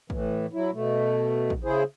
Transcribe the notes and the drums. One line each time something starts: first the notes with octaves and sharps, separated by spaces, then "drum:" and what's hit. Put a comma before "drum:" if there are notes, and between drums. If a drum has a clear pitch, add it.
A2 E3, drum: kick
F#3 E4
B2 A3
drum: kick
C#3 E4 G#4 C5